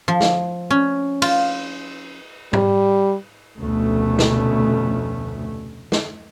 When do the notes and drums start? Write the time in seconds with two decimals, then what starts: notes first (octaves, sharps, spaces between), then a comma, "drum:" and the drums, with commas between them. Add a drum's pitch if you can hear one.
0.08 F3
0.21 drum: snare
0.70 C#4
1.22 F4, drum: cymbal
2.53 G3, drum: tom G#2
3.59 F1 D2 B2 A3 C#4
4.19 drum: snare
5.92 drum: snare